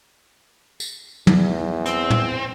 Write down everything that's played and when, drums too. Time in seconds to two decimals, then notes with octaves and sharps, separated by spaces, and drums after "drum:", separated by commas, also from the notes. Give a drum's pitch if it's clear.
0.80 drum: tambourine
1.27 E2, drum: tom
1.86 C4, drum: hi-hat
2.10 drum: tom